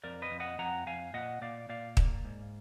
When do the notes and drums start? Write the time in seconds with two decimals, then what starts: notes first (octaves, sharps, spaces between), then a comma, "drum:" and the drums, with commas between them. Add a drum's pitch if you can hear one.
0.04 F2 A#4 D5
0.22 B4 D#5
0.31 F2
0.40 D#5 F#5
0.59 F2 F#5 A#5
0.87 F2 F5 G#5
1.14 A#2 D#5 F#5
1.41 A#2 D5 F5
1.69 A#2 D5 F5
1.97 A#3, drum: kick
2.25 G#2